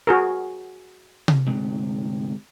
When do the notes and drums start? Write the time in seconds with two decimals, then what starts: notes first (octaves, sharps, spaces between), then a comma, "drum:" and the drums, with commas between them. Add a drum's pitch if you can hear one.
0.07 F#4 G#4 A#4
1.28 drum: tom C3
1.47 D2 G#2 C3